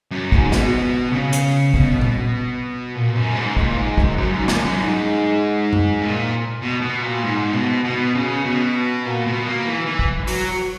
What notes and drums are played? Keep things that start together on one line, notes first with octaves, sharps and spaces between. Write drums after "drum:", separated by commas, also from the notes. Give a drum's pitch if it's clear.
F#2
G#2, drum: kick
B2, drum: snare
C#3
drum: hi-hat
B2, drum: kick
drum: tom A#2
A#2
F#2
G#2
A#2, drum: kick
G#2
F#2, drum: kick
F#2
G#2
F#2, drum: snare
F#2
G#2
drum: tom F#2
A#2
B2
B2
A#2
G#2
B2
B2
C#3
B2
A#2
B2
A#3
E3
E3
drum: kick
F#3, drum: open hi-hat